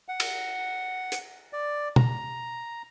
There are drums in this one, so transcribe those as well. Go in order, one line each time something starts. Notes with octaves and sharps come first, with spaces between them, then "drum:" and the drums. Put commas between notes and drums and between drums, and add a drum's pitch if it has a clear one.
F#5
drum: cymbal
drum: hi-hat
D5
A#5, drum: tom